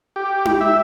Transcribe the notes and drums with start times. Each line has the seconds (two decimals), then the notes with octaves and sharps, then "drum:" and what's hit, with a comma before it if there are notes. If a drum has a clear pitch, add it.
0.16 G4
0.45 drum: tom D#4
0.61 E5